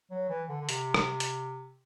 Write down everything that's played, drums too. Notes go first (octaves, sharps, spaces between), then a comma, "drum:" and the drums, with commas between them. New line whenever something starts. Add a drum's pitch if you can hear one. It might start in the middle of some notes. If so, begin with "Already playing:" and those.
F#3
E3
D3
D3
C3, drum: hi-hat
drum: rim click
drum: hi-hat